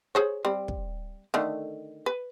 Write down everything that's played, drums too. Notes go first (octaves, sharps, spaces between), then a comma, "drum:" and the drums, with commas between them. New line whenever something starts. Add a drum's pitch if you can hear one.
G#4 C5 C#5
G3 C4
drum: kick
D3 D#3 A3
B4